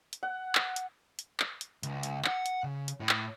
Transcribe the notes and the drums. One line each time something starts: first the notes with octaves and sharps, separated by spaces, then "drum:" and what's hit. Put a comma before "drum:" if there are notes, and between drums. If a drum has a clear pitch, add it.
drum: hi-hat
F#5
drum: clap
drum: hi-hat
drum: hi-hat
drum: clap
drum: hi-hat
C#2, drum: hi-hat
drum: hi-hat
F#5, drum: clap
drum: hi-hat
C#3
drum: hi-hat
A2
drum: clap